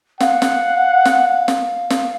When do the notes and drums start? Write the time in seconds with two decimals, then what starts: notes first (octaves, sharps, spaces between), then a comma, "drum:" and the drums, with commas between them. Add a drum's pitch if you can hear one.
0.20 F5 F#5, drum: snare
0.42 drum: snare
1.05 drum: snare
1.48 drum: snare
1.90 drum: snare